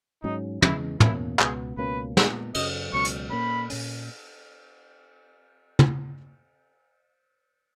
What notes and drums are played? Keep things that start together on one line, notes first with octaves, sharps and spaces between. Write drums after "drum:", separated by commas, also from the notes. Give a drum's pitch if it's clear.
G#2 F#3 C#4 D#4
E2 C#3 E3 G#3 E4, drum: tom
E2 B2 A#3 C#4 E4, drum: tom
C#2 B2 G#3 B3 G#4, drum: clap
C#2 B2 A#3 C#4 B4
A#2 G#3 B3, drum: snare
F#2 C#3 F#3 D#5, drum: cymbal
C#2 B2 F#3 C#4 C#6
drum: hi-hat
A#2 A#3 C#4 B5
A#2 A#3 C#4, drum: open hi-hat
drum: tom